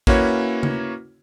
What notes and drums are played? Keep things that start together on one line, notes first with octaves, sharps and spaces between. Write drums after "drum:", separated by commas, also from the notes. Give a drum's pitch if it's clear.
A#3 C#4 E4 F#4 B4 C#5, drum: kick
drum: tom C#3